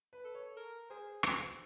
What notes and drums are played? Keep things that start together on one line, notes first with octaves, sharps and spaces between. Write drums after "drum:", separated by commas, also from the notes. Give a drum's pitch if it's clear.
B4
A4
C#5
A#4
G#4 C5
F#4 C5, drum: rim click